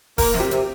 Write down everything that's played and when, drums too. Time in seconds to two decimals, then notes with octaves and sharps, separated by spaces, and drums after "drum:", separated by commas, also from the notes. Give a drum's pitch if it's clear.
0.18 A#3 A#4, drum: kick D#1, open hi-hat
0.34 C3, drum: snare
0.40 G4
0.51 C3, drum: hi-hat